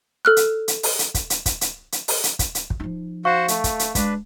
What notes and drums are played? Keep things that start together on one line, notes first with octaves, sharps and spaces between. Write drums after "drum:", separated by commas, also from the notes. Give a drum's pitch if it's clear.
A4 F6 F#6
drum: hi-hat
drum: hi-hat
drum: open hi-hat
drum: hi-hat
drum: kick, hi-hat
drum: hi-hat
drum: kick, hi-hat
drum: hi-hat
drum: hi-hat
drum: open hi-hat
drum: hi-hat
drum: kick, hi-hat
drum: hi-hat
drum: kick
F3 D#4
F#4 C5 F5 F#5 C#6
A3, drum: hi-hat
drum: kick, hi-hat
drum: hi-hat
G#3 D4 B4, drum: kick, hi-hat